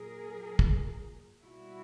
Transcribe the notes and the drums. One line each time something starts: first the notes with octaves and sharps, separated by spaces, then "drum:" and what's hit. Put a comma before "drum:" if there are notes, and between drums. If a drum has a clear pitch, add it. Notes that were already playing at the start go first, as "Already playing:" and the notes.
Already playing: A#2 F#3 G#4 A#4
drum: kick
B2 G3 E4 F#4